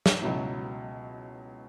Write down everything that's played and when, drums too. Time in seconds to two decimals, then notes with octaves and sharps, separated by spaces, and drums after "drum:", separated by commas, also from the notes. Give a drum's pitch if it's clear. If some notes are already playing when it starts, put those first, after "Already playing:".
0.06 drum: snare
0.21 C#2 B2 F#3 C#4 E4